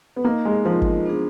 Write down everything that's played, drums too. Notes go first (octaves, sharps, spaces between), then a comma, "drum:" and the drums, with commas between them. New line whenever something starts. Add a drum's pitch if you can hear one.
B3
A#3 D#4 A#4 D#5
G#3
F3 D#4 A#4 D#5
drum: kick G1
B3 D4 G#4